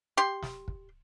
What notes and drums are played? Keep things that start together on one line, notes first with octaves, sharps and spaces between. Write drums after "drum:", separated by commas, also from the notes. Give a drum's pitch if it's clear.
G4 C6
drum: snare
drum: kick